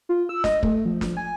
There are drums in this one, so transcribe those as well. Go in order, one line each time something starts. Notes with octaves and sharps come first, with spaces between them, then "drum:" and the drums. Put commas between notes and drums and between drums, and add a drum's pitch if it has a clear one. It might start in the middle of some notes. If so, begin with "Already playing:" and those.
F4
E6
D#5, drum: snare
A3, drum: kick
F3
F3, drum: snare
G#5